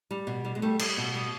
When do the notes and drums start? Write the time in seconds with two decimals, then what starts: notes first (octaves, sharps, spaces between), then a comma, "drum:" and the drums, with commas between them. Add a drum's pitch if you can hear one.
0.11 G3
0.27 B2
0.45 G3
0.55 G#3
0.62 G3 A3
0.79 G3, drum: cymbal
0.97 B2
1.15 G3